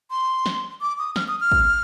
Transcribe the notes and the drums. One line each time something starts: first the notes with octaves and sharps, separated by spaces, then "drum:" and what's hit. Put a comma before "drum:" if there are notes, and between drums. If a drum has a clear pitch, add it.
C6
drum: snare
D6
D#6
F6, drum: snare
D#6
F6
drum: kick